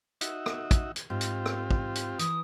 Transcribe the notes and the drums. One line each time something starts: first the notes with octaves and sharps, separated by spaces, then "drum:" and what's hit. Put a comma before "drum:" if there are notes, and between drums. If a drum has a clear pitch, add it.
D#4 F#4 E5, drum: hi-hat
drum: rim click
drum: kick, hi-hat
drum: hi-hat
G#2 C4 F4 G4
drum: hi-hat
drum: rim click
drum: kick
drum: hi-hat
E3 D#6, drum: hi-hat